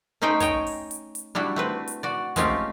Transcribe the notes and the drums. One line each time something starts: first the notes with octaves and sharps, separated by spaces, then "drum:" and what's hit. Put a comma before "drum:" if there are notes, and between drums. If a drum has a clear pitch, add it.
A3 C#4 D#4 C5 G5
C#5 D#5 G5, drum: kick, hi-hat
drum: open hi-hat
drum: hi-hat
drum: hi-hat
G3 D4 E4 F#4
A3 C4 B4
drum: hi-hat
F#4 D5
G#3 A3 C4 C#4 F4 G4, drum: kick, hi-hat